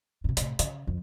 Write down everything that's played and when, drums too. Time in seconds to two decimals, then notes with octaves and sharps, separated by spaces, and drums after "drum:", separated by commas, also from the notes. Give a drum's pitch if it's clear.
0.24 G2 C3
0.37 A2 C3, drum: hi-hat
0.59 C#3, drum: hi-hat
0.87 F2